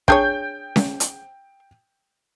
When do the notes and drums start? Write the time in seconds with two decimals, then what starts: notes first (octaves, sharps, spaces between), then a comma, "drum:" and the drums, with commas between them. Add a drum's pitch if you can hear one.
0.08 D4 G#4 C#5 G5 G6, drum: kick
0.76 drum: snare C#4
1.00 drum: hi-hat